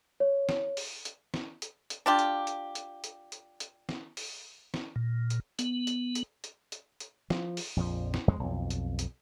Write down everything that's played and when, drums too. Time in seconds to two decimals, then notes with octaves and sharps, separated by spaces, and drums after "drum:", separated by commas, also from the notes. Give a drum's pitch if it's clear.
0.20 C#5
0.49 drum: snare
0.77 drum: open hi-hat
1.05 drum: hi-hat
1.34 drum: snare
1.62 drum: hi-hat
1.90 drum: hi-hat
2.06 D4 F4 G4
2.19 drum: hi-hat
2.47 drum: hi-hat
2.75 drum: hi-hat
3.04 drum: hi-hat
3.32 drum: hi-hat
3.60 drum: hi-hat
3.89 drum: snare
4.17 drum: open hi-hat
4.74 drum: snare
4.96 A#2
5.30 drum: hi-hat
5.59 B3, drum: hi-hat
5.87 drum: hi-hat
6.15 drum: hi-hat
6.44 drum: hi-hat
6.72 drum: hi-hat
7.00 drum: hi-hat
7.30 F3, drum: snare
7.57 drum: open hi-hat
7.76 A#1 F2 D3 F3
8.14 drum: snare
8.28 F2 G#3
8.40 B1 F2
8.70 drum: hi-hat
8.99 drum: hi-hat